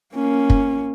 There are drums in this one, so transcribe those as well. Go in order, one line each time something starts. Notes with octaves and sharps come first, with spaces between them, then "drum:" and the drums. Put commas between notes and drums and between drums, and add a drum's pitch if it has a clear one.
A#3 C#4
drum: kick